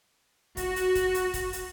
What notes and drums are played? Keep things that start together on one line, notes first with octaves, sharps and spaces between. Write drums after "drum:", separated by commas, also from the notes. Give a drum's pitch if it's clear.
F#4, drum: kick, hi-hat
drum: hi-hat
drum: kick, hi-hat
drum: hi-hat
drum: kick, hi-hat
drum: hi-hat